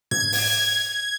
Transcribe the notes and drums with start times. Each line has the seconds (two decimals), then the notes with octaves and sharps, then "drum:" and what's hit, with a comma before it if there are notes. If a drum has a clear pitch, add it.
0.11 G#6, drum: tom
0.32 drum: open hi-hat